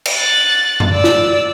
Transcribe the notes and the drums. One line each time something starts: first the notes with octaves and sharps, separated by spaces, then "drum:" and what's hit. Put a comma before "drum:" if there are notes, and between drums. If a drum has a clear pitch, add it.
drum: cymbal
F#6 A6
drum: tom F#2
D5 E6
drum: snare F4